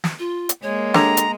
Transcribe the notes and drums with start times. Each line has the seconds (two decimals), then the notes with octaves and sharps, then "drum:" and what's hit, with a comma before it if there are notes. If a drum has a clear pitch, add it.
0.04 drum: snare
0.19 F4
0.49 drum: hi-hat
0.63 G#3 A#3 C#5
0.94 D3 G4 A#5, drum: snare
1.17 drum: hi-hat